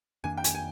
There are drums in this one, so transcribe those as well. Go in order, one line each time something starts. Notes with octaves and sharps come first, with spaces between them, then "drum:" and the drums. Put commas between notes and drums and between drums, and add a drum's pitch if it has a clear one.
F2 D#3 A#3 D4 G#5
G5
G#5, drum: hi-hat
G#5